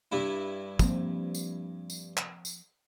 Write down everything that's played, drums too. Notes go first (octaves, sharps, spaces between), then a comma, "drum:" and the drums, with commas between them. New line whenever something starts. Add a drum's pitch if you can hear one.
G2 E4
F3 A#3 C4, drum: kick, tambourine
drum: tambourine
drum: tambourine
drum: clap
drum: tambourine